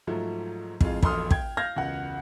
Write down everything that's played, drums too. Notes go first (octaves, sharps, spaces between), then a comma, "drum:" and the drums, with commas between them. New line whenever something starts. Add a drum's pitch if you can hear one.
G#2 F3 F#3 A3
F2 A2 G#3 F4, drum: kick
E1 A#1 A4 C6 D#6 F6, drum: kick
G5 G#6, drum: kick
F5 F6 G6 G#6 A#6
E1 C#2 F#5